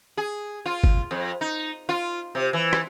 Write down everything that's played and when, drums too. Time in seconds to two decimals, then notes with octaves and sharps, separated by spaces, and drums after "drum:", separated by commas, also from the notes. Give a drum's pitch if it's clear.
0.17 G#4
0.66 F4
0.84 drum: kick G#1
1.11 F2
1.41 D#4
1.89 F4
2.35 C3
2.53 E3
2.73 drum: rim click